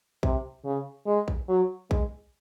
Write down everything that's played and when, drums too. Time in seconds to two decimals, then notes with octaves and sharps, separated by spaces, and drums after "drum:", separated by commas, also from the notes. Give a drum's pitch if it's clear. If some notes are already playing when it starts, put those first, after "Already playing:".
0.23 C3, drum: kick A#1
0.65 C#3
1.06 G#3
1.28 drum: kick A#1
1.49 F#3
1.91 G#3, drum: kick A#1